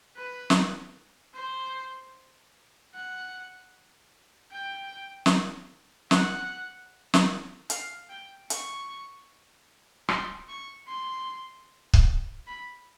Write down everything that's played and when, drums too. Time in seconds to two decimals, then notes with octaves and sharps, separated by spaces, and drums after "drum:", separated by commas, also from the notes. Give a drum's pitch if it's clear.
0.16 B4
0.50 drum: snare
1.34 C5
2.94 F#5
4.52 G5
5.26 drum: snare
6.11 F#5, drum: snare
7.14 drum: snare
7.70 F5, drum: hi-hat
8.09 G5
8.50 C#6, drum: hi-hat
10.09 C6, drum: rim click
10.49 C#6
10.87 C6
11.93 drum: kick
12.47 B5